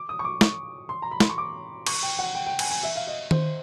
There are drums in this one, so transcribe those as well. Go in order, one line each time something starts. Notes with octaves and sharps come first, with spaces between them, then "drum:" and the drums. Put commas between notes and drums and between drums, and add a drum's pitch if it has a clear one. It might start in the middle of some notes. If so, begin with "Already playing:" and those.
Already playing: D6
D#6
C#6
D6
C#6, drum: snare
C6
A#5
B5
C6, drum: snare
C#6
D6
C#6, drum: cymbal
G5
F#5
G5
G5
G#5, drum: cymbal
G#5
E5
F5
D#5
C5, drum: tom D#3